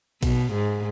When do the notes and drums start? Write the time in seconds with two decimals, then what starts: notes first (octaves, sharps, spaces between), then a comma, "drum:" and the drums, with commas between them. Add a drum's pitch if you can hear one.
0.23 B2, drum: kick A#1, cymbal
0.53 G#2